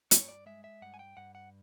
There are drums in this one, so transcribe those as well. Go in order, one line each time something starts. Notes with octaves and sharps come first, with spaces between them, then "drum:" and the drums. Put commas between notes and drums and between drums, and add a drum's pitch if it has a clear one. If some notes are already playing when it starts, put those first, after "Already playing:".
G2 C#5, drum: hi-hat
D5
G#3 E5
E5
G2 F#5
G#5
G5
G2 F#5
F#5